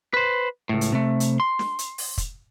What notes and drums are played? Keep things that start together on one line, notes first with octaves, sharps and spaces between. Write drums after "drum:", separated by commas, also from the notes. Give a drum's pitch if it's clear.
B4 C5
C#2 A2
drum: hi-hat
C3 A3
drum: hi-hat
C6
drum: snare
drum: hi-hat
drum: open hi-hat
drum: kick, hi-hat